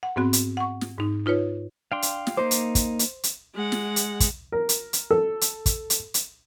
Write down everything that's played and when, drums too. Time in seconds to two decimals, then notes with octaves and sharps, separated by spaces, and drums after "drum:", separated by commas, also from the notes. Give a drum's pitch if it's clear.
0.03 F#5
0.16 G#2 B3 C4 F#4
0.33 drum: hi-hat
0.57 F#5 C#6
0.81 drum: snare
0.98 G#2 D#4
1.26 D#4 F4 B4 C#5
1.92 D4 F5 G5 C6
2.02 drum: hi-hat
2.27 drum: snare
2.37 A#3 D#4 C5 D6
2.51 drum: hi-hat
2.75 drum: kick, hi-hat
2.99 drum: hi-hat
3.23 drum: hi-hat
3.54 G#3 F#5
3.72 drum: snare
3.96 drum: hi-hat
4.20 drum: kick, hi-hat
4.52 A#4
4.69 drum: hi-hat
4.93 drum: hi-hat
5.11 A4
5.41 drum: hi-hat
5.66 drum: kick, hi-hat
5.90 drum: hi-hat
6.14 drum: hi-hat